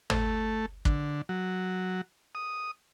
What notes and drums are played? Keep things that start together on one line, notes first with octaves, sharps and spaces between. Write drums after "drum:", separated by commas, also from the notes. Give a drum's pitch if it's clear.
A3, drum: tom G#1
D3, drum: kick
F#3
D#6